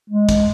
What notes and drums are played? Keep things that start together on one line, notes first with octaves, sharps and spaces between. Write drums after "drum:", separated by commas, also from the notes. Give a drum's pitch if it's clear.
G#3
drum: kick, hi-hat